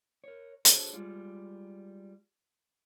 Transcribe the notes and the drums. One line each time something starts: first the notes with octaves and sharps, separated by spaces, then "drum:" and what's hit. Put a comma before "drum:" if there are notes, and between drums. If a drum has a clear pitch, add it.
A#4 C#5
D4 F#4 G#4 A4 C5 C#5, drum: hi-hat
G3 G#3 F4